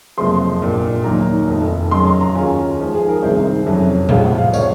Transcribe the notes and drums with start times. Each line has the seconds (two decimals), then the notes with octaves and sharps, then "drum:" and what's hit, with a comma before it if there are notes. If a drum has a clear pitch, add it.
0.17 F#1 F2 C3 F3 G#3 C6
0.61 A#1 A#2 G#3
1.04 D#2 D#3 F#3 A#3 D#4 A#5
1.48 F1 F2 D#3
1.91 F#2 C#3 F#3 C6
2.06 A#5
2.21 A#5
2.35 D#2 D#3 G#3 C#4 F4 G#5
2.79 G#2 F3 G#3
2.95 G#4
3.08 A#4
3.23 C2 C3 D#3 G#3 C5
3.66 F2 C3 F#3 C#4
4.09 C#2 C3 F3 G#3 F5, drum: tom A2
4.24 F#5
4.38 F5
4.53 F3 C#5, drum: tambourine